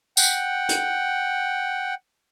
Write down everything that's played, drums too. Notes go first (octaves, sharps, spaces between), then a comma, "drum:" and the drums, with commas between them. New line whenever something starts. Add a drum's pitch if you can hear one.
F#5 G5, drum: tambourine
drum: hi-hat